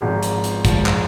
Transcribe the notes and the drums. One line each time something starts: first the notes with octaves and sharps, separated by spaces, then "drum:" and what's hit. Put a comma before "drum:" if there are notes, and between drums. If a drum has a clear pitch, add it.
G#1 G#2 F3
drum: hi-hat
drum: hi-hat
G#1 G#2 F3, drum: kick, hi-hat
drum: clap